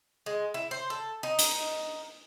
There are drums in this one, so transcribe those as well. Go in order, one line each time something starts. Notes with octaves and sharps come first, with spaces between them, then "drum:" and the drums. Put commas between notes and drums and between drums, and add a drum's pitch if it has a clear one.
G#3
E4
C5
A4
D#4
drum: hi-hat